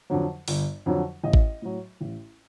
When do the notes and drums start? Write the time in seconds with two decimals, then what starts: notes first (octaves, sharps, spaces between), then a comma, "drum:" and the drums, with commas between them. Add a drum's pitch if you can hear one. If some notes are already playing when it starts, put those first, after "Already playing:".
0.10 F2 D3 F#3
0.48 G1, drum: open hi-hat
0.86 F2 D3 F#3
1.23 A1 D#5
1.33 drum: kick G#1
1.62 A2 F#3
2.01 A1